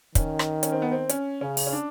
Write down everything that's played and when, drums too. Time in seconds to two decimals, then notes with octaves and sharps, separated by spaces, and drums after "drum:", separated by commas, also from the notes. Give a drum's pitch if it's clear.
0.15 D#3 C#4, drum: kick, hi-hat
0.39 drum: rim click
0.63 C#4, drum: hi-hat
0.72 C4
0.82 B3
0.91 C4
1.09 C#4, drum: hi-hat
1.41 C#3 C#4
1.57 drum: open hi-hat
1.67 C#4
1.73 D4